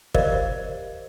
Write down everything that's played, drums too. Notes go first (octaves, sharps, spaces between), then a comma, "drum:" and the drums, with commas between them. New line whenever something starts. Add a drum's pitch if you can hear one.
G4 A#4 C5 D5 D#5 F5, drum: kick